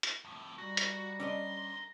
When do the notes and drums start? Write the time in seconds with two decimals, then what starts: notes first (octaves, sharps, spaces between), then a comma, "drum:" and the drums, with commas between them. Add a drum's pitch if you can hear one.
0.03 drum: hi-hat
0.25 F2 A2
0.58 G3 F#4 A#5
0.77 drum: hi-hat
1.20 D3 C#4 D4 D#5 C6